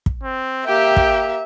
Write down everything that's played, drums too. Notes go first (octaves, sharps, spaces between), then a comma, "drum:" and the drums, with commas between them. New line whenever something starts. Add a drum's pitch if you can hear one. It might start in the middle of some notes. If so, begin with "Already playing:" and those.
drum: kick
C4
A#3 G4 E5 G5
drum: kick